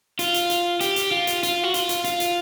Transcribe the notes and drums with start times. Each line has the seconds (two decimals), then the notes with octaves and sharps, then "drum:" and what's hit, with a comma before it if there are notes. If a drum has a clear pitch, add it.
0.19 F4, drum: hi-hat
0.34 drum: hi-hat
0.50 drum: hi-hat
0.81 G4, drum: hi-hat
0.96 drum: hi-hat
1.12 F4
1.27 drum: hi-hat
1.43 F4, drum: hi-hat
1.63 F#4
1.74 F4, drum: hi-hat
1.89 drum: hi-hat
2.04 F4, drum: hi-hat
2.20 drum: hi-hat